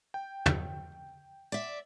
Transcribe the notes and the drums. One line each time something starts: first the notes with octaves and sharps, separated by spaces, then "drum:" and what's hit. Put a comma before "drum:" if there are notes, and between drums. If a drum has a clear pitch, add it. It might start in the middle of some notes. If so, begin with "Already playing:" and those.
G5
drum: tom
D5 E5